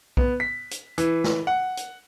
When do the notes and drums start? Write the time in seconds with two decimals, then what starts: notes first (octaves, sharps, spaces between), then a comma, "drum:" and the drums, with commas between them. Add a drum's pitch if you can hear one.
0.17 B3, drum: kick B1
0.40 B6
0.71 drum: hi-hat
0.98 E3, drum: hi-hat
1.24 drum: snare
1.47 F#5
1.77 drum: hi-hat